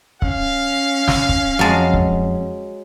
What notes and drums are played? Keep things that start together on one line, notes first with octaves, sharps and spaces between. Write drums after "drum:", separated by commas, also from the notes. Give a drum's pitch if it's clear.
C#4 F5, drum: kick C#1
drum: snare
drum: kick C#1
F2 F#3 G#3 A5
drum: kick C#1